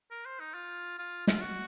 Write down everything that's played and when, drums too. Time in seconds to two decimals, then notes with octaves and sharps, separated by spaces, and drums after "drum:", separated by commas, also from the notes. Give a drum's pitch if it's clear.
0.11 A#4
0.26 C5
0.40 D#4
0.54 F4
0.99 F4
1.27 F4, drum: snare
1.41 F#4